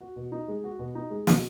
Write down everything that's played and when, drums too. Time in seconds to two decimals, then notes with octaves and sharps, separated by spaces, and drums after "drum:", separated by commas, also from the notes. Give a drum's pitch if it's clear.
0.01 F#4
0.16 B2
0.32 D#4
0.48 G#3
0.64 F#4
0.79 B2
0.95 D#4
1.10 G#3
1.27 B2, drum: snare